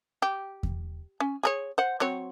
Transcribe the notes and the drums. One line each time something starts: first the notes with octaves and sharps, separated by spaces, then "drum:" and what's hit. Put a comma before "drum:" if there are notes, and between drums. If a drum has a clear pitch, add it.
G4
drum: kick E2
C#4
G#4 A4 C#5
C5 F#5
F#3 C4 C#5